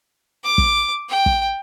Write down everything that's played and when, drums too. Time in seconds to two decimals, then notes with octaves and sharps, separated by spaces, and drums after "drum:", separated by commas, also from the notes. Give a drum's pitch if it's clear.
0.44 D6
0.58 drum: kick
1.09 G5
1.26 drum: kick